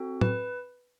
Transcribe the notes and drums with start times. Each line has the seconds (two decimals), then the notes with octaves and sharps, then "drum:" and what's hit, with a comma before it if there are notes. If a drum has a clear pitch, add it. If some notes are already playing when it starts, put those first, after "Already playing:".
Already playing: C4 F#4 A4
0.21 B4, drum: tom